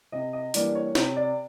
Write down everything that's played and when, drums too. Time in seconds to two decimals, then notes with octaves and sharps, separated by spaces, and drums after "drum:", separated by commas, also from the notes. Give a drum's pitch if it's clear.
0.12 C3 D#5
0.33 D#5
0.54 E3 G3 A#3 D4 D5, drum: hi-hat
0.75 C#5
0.95 C3 C#5, drum: snare
1.16 D5